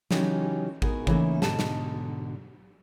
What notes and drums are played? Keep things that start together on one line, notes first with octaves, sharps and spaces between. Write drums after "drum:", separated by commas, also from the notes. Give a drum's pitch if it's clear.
C#3 E3 F#3 C#4 D#4 G4, drum: snare
B3 D#4 F#4 G#4 A#4, drum: kick G#1
C#3 E3 A3 A#3 D#4 E4, drum: kick G#1
G#2 B2 D3 D#5 A5, drum: snare
drum: snare